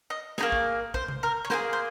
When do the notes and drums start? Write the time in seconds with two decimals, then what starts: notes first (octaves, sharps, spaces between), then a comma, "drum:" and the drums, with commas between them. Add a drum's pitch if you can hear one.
0.10 D#5
0.38 A#3 D#4 G#4 C#5, drum: snare
0.52 drum: kick
0.94 C5, drum: kick
1.08 drum: tom C3
1.23 A#4
1.45 C#5
1.50 A#3 F4 G#4 C5, drum: snare
1.73 C5